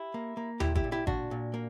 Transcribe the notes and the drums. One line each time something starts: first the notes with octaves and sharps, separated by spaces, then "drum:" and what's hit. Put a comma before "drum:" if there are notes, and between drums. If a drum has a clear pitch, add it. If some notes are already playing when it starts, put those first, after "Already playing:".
Already playing: E4 G4
A#3
A#3
A#2 E4 G4, drum: tom D#2
E4 G4, drum: kick G#1
A#2
E4 G4
A#2 D4 F#4, drum: kick G#1
A#2
A#3